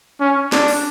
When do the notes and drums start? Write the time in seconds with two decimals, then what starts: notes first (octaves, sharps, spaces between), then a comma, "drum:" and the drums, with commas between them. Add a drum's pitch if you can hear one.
0.20 C#4
0.52 D4, drum: snare
0.68 drum: open hi-hat